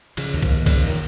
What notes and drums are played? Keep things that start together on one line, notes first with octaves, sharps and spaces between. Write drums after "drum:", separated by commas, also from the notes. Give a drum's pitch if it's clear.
C#3 F3, drum: cymbal
D#2
F3, drum: kick C2, cymbal
D#2
C#3 G3, drum: kick C2, cymbal
F3
D#2 D#3